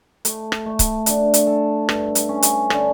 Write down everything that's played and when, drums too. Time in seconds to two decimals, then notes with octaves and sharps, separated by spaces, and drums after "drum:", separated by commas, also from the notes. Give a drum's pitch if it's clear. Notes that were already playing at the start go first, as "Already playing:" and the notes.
0.25 A3, drum: hi-hat
0.52 drum: rim click
0.66 A3
0.79 drum: kick C#1, hi-hat
1.06 D4, drum: hi-hat
1.34 drum: hi-hat
1.47 A4
1.89 G2, drum: rim click
2.15 drum: hi-hat
2.29 C#4
2.42 drum: hi-hat
2.70 D3, drum: rim click